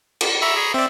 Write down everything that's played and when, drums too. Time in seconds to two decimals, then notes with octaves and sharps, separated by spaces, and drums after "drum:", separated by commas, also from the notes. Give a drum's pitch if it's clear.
0.21 drum: cymbal
0.42 E5 A#5 B5 C#6
0.56 G#4
0.74 C4 D5 E5